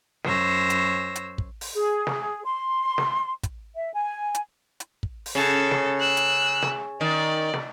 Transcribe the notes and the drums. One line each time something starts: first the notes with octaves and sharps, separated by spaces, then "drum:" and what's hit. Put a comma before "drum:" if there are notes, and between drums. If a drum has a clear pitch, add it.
F#2 C5 C#5 E6 A#6, drum: snare
drum: hi-hat
drum: hi-hat
drum: kick
drum: open hi-hat
G#4
drum: snare
C6
drum: snare
drum: kick, hi-hat
E5
G#5
drum: hi-hat
drum: hi-hat
drum: kick
drum: open hi-hat
C#3 A4
drum: snare
E6 F#6
drum: hi-hat
drum: snare
D#3 D5
drum: snare